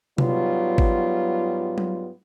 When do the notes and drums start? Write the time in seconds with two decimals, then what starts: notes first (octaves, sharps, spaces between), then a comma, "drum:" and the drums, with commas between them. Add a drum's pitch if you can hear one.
0.18 G#2 F#3 G3 B3 F4, drum: tom C3
0.78 drum: kick G#1
1.78 drum: tom F#3